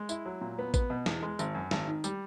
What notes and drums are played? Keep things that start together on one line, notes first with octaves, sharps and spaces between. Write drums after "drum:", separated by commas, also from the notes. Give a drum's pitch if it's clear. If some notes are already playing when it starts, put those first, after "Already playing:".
Already playing: G#3
E4, drum: tambourine
F#3
A#2
B3
B3, drum: kick A1, tambourine
B2
E2, drum: snare
G#3
G#1, drum: tambourine
F#2
G#1, drum: snare
D#3
G3, drum: tambourine